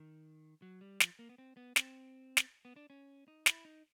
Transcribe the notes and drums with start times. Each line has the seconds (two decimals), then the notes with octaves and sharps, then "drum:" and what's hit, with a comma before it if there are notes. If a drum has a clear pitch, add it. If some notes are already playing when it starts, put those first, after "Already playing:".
Already playing: D#3
0.62 F#3
0.81 G3
1.00 F3, drum: snare
1.19 A#3
1.29 B3
1.38 C4
1.57 B3
1.76 C4, drum: snare
2.37 drum: snare
2.65 B3
2.76 D4
2.90 C#4
3.28 D#4
3.46 E4, drum: snare
3.65 D#4